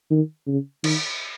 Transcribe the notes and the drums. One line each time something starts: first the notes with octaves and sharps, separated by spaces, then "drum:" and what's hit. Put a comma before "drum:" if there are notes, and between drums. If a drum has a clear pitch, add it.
D#3
C#3
D#3, drum: cymbal